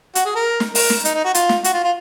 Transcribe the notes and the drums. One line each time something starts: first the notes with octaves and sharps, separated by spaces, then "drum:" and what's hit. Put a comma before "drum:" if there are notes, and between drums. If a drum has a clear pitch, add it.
F#4, drum: hi-hat
G#4
A#4
drum: snare
A#4, drum: open hi-hat
drum: snare
D#4, drum: hi-hat
D#4
F#4
F4, drum: hi-hat
drum: snare
F#4, drum: hi-hat
F4
F4